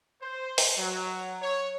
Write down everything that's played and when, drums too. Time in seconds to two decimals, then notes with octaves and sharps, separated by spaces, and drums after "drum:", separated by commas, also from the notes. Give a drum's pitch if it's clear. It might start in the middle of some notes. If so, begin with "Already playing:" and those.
0.22 C5
0.58 drum: open hi-hat
0.77 F#3
1.42 C#5